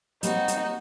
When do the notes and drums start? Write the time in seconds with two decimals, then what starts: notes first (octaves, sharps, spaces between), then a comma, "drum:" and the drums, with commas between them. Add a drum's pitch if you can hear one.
0.23 G3 A#3 C4 D#4 F#4 C#5, drum: hi-hat
0.48 drum: hi-hat